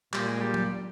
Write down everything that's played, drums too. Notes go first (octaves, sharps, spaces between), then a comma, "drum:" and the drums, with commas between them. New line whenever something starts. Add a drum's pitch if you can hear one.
A#2 G3, drum: clap
G#3
G3
drum: tom F#3